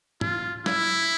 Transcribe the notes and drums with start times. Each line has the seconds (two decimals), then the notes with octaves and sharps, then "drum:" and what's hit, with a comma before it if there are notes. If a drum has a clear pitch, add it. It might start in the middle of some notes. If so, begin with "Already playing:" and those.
0.21 F4, drum: tom
0.66 E4, drum: snare